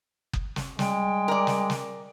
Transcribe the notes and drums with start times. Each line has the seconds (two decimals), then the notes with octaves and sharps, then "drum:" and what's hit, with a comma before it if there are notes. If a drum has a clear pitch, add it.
0.33 drum: kick F#1
0.56 drum: snare
0.79 G3 G#3 G5, drum: snare
1.28 A#4 D5
1.47 drum: snare
1.70 drum: snare